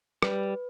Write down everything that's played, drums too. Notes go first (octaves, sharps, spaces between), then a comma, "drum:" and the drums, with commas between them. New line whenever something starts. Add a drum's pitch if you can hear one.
G3 B4, drum: rim click